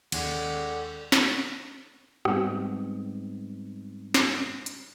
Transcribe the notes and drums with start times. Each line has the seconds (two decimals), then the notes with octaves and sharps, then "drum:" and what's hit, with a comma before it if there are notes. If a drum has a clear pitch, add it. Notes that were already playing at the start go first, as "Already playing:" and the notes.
0.12 D#2 G#3 C#4 A4 D5 F#5 G5, drum: cymbal
1.12 drum: snare
2.25 G#2 G3 G#3 B3 C4 D#4, drum: rim click
4.14 drum: snare
4.66 drum: hi-hat